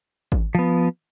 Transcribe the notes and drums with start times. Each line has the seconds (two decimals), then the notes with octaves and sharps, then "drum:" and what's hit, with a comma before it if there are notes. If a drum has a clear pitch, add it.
0.32 drum: kick G#1
0.55 F3 B3